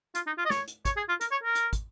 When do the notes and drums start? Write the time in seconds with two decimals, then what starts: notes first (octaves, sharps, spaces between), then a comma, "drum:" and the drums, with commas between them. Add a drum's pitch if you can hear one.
0.15 F4, drum: hi-hat
0.27 D#4
0.38 F4
0.46 D#5
0.50 C#5, drum: snare
0.68 drum: hi-hat
0.85 C#5, drum: kick, hi-hat
0.97 G#4
1.09 F4
1.21 A#4, drum: hi-hat
1.31 C#5
1.43 A#4
1.55 drum: hi-hat
1.73 drum: kick, hi-hat